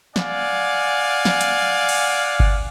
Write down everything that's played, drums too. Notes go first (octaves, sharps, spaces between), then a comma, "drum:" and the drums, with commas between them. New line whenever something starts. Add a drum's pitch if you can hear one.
D5 F5 F#5 G#5, drum: snare
drum: snare
drum: hi-hat
drum: cymbal
drum: kick G1